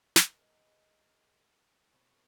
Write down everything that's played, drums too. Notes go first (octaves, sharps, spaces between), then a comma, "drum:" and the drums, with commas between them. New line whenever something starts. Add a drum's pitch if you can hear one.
D#3 G#3 B3, drum: snare
B4
A#4
B4
A#4
A#4
B2 F#3 A3 C4